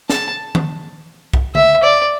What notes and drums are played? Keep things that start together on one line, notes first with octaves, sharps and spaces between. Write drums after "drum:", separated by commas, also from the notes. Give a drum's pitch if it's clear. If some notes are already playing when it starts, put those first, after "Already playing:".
A5, drum: snare
drum: tom D#3
drum: kick B1
E5, drum: tom D3
D5